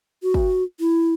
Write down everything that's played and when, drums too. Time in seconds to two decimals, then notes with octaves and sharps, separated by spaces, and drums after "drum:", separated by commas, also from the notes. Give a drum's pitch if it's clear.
0.23 F#4
0.34 drum: kick
0.80 E4